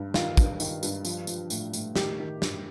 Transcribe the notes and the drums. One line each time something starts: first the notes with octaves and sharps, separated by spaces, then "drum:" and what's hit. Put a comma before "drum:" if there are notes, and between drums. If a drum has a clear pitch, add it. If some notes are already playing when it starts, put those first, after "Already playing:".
Already playing: G2
D#3 F4, drum: snare
G2, drum: kick, tambourine
D#3, drum: tambourine
G2, drum: tambourine
F3, drum: tambourine
F3, drum: tambourine
A2, drum: tambourine
A2, drum: tambourine
D#3 G4, drum: snare
D#3
G2, drum: snare